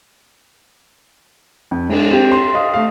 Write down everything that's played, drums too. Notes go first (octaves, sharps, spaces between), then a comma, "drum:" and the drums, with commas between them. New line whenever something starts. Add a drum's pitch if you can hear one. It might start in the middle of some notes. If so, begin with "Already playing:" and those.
F2
G#3 D4, drum: cymbal
C4 G4
C6
D#5 F5 D#6
A3 F5